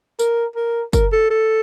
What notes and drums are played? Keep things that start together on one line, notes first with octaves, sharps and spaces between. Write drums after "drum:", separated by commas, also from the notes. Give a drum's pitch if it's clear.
A#4, drum: tambourine
A#4
A#4, drum: kick, tambourine
A4
A4